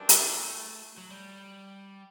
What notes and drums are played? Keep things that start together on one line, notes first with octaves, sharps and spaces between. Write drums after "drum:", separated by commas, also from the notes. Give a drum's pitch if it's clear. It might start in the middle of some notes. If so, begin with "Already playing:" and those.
Already playing: F#2 E3 G3 D4
A3, drum: hi-hat
F#3
G3